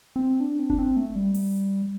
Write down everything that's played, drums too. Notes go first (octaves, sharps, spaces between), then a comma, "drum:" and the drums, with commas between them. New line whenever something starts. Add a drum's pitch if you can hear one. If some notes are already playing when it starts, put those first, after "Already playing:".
C4
D4
C4
D4, drum: kick F#1
C4
A3
G3
drum: open hi-hat